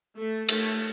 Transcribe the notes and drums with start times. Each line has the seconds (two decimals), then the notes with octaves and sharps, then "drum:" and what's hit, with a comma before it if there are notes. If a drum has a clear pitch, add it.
0.18 A3
0.49 A3, drum: cymbal